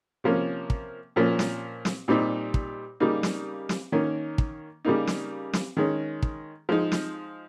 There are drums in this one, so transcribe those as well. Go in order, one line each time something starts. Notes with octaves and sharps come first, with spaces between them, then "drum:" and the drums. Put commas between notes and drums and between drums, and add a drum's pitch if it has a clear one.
C3 F3 A#3 C#4
drum: kick
A#2 F3 A#3 C#4
drum: snare
drum: snare
A#2 G3 C4 D#4
drum: kick
C#3 G3 A#3 D#4
drum: snare
drum: snare
D#3 A#3 C#4
drum: kick
C#3 G3 A#3 D#4
drum: snare
drum: snare
D#3 G#3 C#4
drum: kick
F3 G#3 D#4
drum: snare